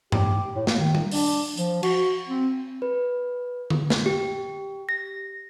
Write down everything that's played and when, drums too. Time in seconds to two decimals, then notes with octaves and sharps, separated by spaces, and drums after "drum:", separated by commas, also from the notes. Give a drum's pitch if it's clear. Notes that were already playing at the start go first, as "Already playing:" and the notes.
0.12 G4, drum: tom G2
0.55 A2
0.67 A#3, drum: snare
0.79 D#3
0.95 drum: tom G3
1.12 D4, drum: open hi-hat
1.57 F3, drum: hi-hat
1.83 F#4, drum: cymbal
2.28 C4
2.82 B4
3.70 drum: tom D3
3.90 drum: snare
4.06 G4
4.89 A#6